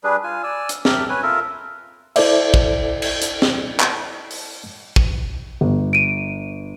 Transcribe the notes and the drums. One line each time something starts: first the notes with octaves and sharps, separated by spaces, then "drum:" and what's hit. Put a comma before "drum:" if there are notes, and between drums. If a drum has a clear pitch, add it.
G3 D4 G#4 B4
F4 G#5
D5 G#5 E6
drum: hi-hat
G4 A#4 E5 A5, drum: snare
B4 C#5 G#5
F4 A4 A#4 E5
E4 A4 C5 D5 E5, drum: cymbal
drum: kick
drum: cymbal
drum: hi-hat
drum: snare
drum: clap
drum: open hi-hat
drum: kick
G1
D7 D#7